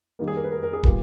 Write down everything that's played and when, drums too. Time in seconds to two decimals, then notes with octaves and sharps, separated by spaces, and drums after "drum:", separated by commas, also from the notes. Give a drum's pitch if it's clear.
0.19 D#3 G3 A#3
0.28 G#4
0.36 A#4
0.44 B4
0.52 A#4
0.63 A#4
0.73 G#4
0.83 A#2 G3 B3, drum: kick